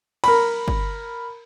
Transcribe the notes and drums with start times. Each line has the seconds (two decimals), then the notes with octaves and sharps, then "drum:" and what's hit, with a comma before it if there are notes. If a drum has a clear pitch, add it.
0.24 A#4 B5, drum: cymbal
0.68 drum: kick G1